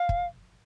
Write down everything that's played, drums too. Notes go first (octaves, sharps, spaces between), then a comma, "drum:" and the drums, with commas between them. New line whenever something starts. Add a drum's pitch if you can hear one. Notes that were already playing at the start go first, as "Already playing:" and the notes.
Already playing: F5
drum: kick